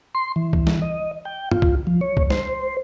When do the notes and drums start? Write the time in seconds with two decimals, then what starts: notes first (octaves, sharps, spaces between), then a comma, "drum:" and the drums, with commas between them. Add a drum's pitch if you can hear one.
0.15 C6
0.36 E3
0.53 drum: kick C2
0.67 drum: snare
0.82 D#5
1.25 G5
1.51 F4, drum: tom
1.62 drum: kick C2
1.87 F3
2.01 C#5
2.17 drum: kick C2
2.30 C5, drum: snare